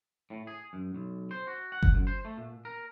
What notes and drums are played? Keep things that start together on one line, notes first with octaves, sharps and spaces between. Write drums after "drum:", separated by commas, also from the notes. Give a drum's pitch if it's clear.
A2
G#4
F#2
B1
C5
F#4
F#5
drum: kick G1
F#2
C5
A3
A#2
A#4